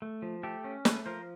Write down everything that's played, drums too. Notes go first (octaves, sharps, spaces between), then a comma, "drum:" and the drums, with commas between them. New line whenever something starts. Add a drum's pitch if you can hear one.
A3
F3
A3 G4 A4
C#4
A3 A4 B4, drum: snare
F3 A#4 C5